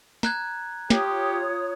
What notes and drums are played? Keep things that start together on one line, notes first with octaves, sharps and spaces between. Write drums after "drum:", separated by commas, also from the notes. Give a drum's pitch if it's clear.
A#5 F#6 G#6, drum: snare
F4 G4 C#5 D#6, drum: snare